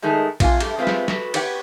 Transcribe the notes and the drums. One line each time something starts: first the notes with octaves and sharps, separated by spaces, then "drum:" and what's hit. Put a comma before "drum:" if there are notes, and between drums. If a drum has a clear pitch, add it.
D#3 G#3 A3 D#4 A4 A#4
C3 F4 A#4 G#5, drum: kick A#1, cymbal
G2 A3 G4, drum: cymbal
G#3 C4 F4 G#4 B4 E5
drum: snare
F#4 A4 B4, drum: snare
G4 B4 C#5 F#5 G5, drum: cymbal